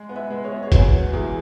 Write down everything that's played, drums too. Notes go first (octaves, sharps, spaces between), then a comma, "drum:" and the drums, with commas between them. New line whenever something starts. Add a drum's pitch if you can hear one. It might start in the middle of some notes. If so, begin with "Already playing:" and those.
Already playing: G#3
B3
B4 E5
G#3
G#4 C#5
B3 E5
C#5
E2 F#4 B4, drum: kick G#1, hi-hat
B3
E2 E4 G#4